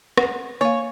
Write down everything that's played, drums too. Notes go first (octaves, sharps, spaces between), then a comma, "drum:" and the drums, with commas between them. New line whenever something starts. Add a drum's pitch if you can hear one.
F#5, drum: rim click
A#3 C#5 F5